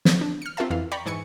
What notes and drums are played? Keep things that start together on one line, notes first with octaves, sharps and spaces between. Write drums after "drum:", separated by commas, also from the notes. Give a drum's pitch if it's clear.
drum: snare
D4
F6 C#7
C4 F4 A#4 E5 A5
F2 E3 F5
D5 G5 A#5 B5 C#6
G#2 E3 G#5 C#6 C#7